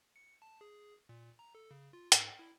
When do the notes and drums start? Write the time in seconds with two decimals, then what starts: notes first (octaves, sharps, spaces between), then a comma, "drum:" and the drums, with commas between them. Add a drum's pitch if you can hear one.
0.16 C#7
0.42 A5
0.61 G#4
1.09 A#2
1.39 A#5
1.55 A4
1.71 C#3
1.93 F4
2.12 G#2, drum: hi-hat
2.39 E4